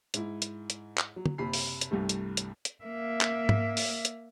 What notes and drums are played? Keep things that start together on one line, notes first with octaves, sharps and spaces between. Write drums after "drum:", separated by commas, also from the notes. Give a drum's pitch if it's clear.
G#2 E4, drum: hi-hat
drum: hi-hat
drum: hi-hat
drum: clap
F#3
drum: tom
F#1 C3 B5 C7
drum: open hi-hat
drum: hi-hat
C2 G2 C3 A3
drum: hi-hat
drum: hi-hat
drum: hi-hat
A#3 E5
drum: clap
drum: tom G#2
drum: open hi-hat
drum: hi-hat